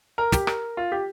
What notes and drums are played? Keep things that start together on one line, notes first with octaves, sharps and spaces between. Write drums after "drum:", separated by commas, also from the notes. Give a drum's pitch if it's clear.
A#4
G4, drum: snare
A#4, drum: rim click
F4
G4